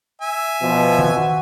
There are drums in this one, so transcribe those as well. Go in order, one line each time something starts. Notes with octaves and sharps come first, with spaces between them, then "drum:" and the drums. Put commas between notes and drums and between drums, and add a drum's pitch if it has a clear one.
E5 G#5
B2 F3
F#4, drum: tom D#3